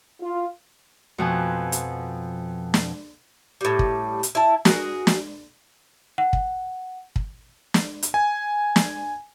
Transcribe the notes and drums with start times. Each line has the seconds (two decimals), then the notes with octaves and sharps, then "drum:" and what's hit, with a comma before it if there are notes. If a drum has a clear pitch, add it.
0.21 F4
1.18 F2 B2 F3 G#5
1.72 drum: hi-hat
2.74 drum: snare
3.61 A2 G3
3.79 drum: kick
4.23 drum: hi-hat
4.35 E4 A5
4.65 F#4 G#4 A#4, drum: snare
5.07 drum: snare
6.18 F#5
6.33 drum: kick
7.16 drum: kick
7.74 drum: snare
8.03 drum: hi-hat
8.14 G#5
8.76 drum: snare